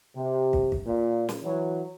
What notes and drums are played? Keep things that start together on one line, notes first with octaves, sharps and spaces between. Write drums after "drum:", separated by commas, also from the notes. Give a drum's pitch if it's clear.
C3
drum: kick
drum: kick
A#2
drum: snare
E3 F#3